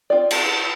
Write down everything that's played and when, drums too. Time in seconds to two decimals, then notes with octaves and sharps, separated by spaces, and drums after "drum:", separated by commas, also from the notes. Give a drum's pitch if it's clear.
0.10 C4 F4 D5
0.31 drum: cymbal